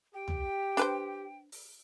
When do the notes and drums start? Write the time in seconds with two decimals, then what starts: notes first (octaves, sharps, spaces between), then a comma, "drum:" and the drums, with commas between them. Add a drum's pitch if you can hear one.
0.14 G4 G5
0.28 drum: tom
0.77 D4 B4 C5, drum: hi-hat
1.52 drum: open hi-hat